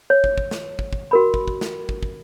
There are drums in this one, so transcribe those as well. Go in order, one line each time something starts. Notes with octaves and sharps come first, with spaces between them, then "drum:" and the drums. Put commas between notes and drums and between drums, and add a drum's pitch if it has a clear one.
C#5
drum: kick
drum: kick
drum: snare
drum: kick
drum: kick
F#4 A#4 B5
drum: kick
drum: kick
drum: snare
drum: kick
drum: kick